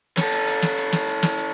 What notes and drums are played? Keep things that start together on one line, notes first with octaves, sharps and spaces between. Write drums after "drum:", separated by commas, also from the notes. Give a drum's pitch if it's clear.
C#4 A4, drum: snare
drum: hi-hat
drum: hi-hat
drum: snare
drum: hi-hat
drum: snare
drum: hi-hat
drum: snare
drum: hi-hat